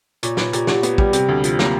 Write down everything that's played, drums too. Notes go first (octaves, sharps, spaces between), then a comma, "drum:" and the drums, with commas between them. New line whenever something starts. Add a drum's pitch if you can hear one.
A#2 C#5, drum: hi-hat
A#2 B4, drum: snare
A#2 G4, drum: hi-hat
A#2 F#4, drum: snare
B3 G4, drum: hi-hat
G3 G4, drum: kick
C3, drum: hi-hat
D2
F3, drum: hi-hat
A#3, drum: snare